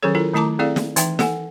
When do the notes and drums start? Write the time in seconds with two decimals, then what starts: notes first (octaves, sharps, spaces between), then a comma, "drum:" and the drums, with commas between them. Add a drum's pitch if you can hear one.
0.03 D#3 F#3 C#4 G#4 A4 C#5
0.15 E4 F4 A4 A#4
0.33 D#3 A3 E4 A5 A#5 D6
0.59 C4 E4 G#4 A4 D5 F5
0.76 drum: snare
0.96 E3 D#4 E5 G5, drum: hi-hat
1.19 A4 F#5 G#5, drum: snare